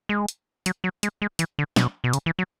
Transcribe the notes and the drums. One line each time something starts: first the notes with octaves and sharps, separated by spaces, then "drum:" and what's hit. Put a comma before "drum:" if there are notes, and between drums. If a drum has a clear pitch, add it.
G#3
drum: hi-hat
F#3, drum: hi-hat
F#3
G#3, drum: hi-hat
G#3
E3, drum: hi-hat
D3
B2, drum: snare
B2
C#3, drum: hi-hat
E3
F#3